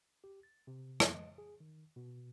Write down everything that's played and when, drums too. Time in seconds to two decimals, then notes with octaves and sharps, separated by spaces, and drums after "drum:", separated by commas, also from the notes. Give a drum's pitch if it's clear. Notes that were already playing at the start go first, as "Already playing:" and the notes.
0.24 G4
0.43 A6
0.67 C3
1.00 B3, drum: rim click
1.15 D#5
1.38 G#4
1.60 D#3
1.96 B2